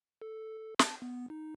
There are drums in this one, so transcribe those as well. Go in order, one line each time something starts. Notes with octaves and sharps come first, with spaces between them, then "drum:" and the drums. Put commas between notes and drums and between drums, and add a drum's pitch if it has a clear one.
A4
A4
A5, drum: snare
B3
D#4